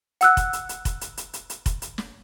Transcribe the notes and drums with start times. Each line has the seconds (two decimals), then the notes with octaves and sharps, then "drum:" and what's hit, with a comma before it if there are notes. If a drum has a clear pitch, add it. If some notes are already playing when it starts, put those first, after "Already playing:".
0.21 F#5 E6 F#6, drum: hi-hat
0.37 drum: kick F1, hi-hat
0.53 drum: hi-hat
0.69 drum: hi-hat
0.85 drum: kick F1, hi-hat
1.01 drum: hi-hat
1.17 drum: hi-hat
1.34 drum: hi-hat
1.50 drum: hi-hat
1.66 drum: kick F1, hi-hat
1.82 drum: hi-hat
1.98 drum: snare